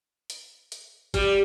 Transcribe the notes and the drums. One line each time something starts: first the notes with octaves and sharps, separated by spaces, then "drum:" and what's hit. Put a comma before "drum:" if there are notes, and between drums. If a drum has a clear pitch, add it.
drum: hi-hat
drum: hi-hat
G3, drum: kick G1, hi-hat